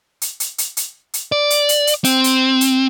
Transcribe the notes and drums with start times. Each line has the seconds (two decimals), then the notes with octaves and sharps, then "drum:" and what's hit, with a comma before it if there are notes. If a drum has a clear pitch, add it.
0.22 drum: hi-hat
0.40 drum: hi-hat
0.58 drum: hi-hat
0.77 drum: hi-hat
1.14 drum: hi-hat
1.32 D5
1.50 drum: hi-hat
1.69 drum: hi-hat
1.87 drum: hi-hat
2.05 C4, drum: hi-hat
2.24 drum: hi-hat
2.61 drum: hi-hat